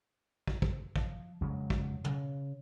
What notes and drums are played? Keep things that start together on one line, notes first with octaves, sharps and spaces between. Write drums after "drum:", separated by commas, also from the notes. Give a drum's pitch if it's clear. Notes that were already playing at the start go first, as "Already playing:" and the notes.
drum: kick
drum: kick
F3, drum: kick
F2 C#3 F#3 G#3
drum: kick
C#3, drum: tom